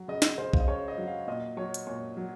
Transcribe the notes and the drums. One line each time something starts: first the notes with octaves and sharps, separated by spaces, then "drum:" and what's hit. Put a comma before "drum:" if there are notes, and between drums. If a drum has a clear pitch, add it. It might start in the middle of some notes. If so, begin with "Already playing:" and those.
Already playing: F#3
C#3 D#5
drum: snare
C#3 C5
F5, drum: kick B1
D#5
C#3 C#5
D#5
F#3
F5
A#2 D#5
F#3 C#5
drum: hi-hat
A#2 C#5
F#3